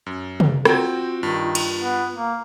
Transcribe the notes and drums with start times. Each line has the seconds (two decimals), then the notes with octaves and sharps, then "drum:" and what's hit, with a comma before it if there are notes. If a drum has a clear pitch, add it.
0.06 F#2
0.40 drum: tom
0.65 C4 F4 F#4 G5, drum: rim click
1.23 G2 D#3
1.55 drum: cymbal
1.78 B3
2.16 A#3